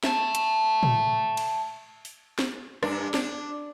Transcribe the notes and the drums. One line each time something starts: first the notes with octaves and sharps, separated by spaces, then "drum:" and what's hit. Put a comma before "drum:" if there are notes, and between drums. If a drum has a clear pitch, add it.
E5 A5, drum: snare
drum: hi-hat
drum: tom
drum: cymbal
drum: open hi-hat
drum: snare
G2 D4, drum: rim click
D4, drum: snare